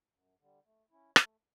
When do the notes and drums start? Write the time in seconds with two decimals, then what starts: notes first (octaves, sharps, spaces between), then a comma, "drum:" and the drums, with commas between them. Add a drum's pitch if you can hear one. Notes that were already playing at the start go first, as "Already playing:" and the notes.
0.14 F#2
0.39 D3 G3
0.66 A3
0.90 C#4 E4
1.16 A3, drum: rim click